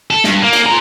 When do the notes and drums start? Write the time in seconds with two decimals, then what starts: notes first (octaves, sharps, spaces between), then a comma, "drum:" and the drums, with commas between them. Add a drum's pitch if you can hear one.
0.11 A4
0.24 G2, drum: snare
0.42 A#3
0.53 drum: cymbal
0.66 F4 A#5